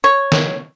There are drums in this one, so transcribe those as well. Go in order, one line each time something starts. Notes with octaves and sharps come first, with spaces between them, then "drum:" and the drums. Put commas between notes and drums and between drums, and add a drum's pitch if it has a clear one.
C#5
drum: snare